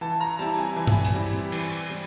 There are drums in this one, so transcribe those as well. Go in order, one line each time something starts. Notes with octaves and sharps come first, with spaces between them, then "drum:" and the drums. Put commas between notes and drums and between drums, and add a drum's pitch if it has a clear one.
E3 A5
A#5
G3 C4 E4 G4 A5
G#5
E3 G#5
drum: tom G2
drum: hi-hat
G3 C4 E4 G4
E3, drum: cymbal
G3 C4